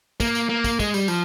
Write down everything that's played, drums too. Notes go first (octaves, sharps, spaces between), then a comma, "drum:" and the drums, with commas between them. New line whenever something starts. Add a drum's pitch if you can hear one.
A#3, drum: kick, tambourine
drum: tambourine
A#3
drum: kick, tambourine
G#3, drum: kick, tambourine
G3, drum: tambourine
F3, drum: tambourine